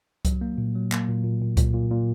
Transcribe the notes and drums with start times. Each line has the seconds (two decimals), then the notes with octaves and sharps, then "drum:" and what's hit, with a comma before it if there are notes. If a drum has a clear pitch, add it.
0.25 F#3, drum: kick C2, hi-hat
0.41 A#3
0.58 A#2
0.75 F#3
0.92 A#3, drum: clap
1.09 A#2
1.24 A#2
1.41 A#2
1.57 A#2, drum: kick C2, hi-hat
1.74 A#2
1.91 A#2